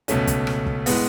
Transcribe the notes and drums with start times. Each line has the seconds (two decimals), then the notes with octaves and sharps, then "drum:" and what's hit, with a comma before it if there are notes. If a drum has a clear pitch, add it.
0.08 C#2 B2 A3 C#4, drum: hi-hat
0.27 drum: kick, hi-hat
0.47 drum: rim click
0.66 drum: kick
0.86 A2 G#3 B3, drum: open hi-hat